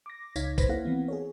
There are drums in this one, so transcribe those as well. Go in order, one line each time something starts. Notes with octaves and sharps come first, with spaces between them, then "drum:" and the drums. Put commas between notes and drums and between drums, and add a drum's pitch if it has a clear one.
D6 A#6
C#2 D#4 C#5 F5 G#6 B6, drum: tambourine
B4 C5 A#6 B6, drum: kick, tambourine
A#3 E4 A4 B4 F5 F#5
E3 B3 C4
G#4 A4 C#5